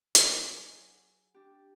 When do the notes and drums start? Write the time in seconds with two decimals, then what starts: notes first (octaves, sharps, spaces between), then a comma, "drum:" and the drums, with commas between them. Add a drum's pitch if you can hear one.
0.15 F#3 G#4, drum: hi-hat
1.34 D4 G4